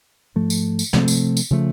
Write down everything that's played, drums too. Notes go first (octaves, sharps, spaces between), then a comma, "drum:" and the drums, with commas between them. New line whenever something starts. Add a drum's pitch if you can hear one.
G#2 F3 A3
drum: tambourine
drum: tambourine
C3 F3 A3 C4, drum: snare
drum: tambourine
drum: tambourine
C#3 F3 A3